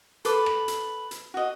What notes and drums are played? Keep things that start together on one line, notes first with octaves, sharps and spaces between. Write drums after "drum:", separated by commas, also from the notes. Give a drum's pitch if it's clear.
A4 B4 D6, drum: hi-hat
drum: rim click
drum: hi-hat
drum: hi-hat
F#4 D#5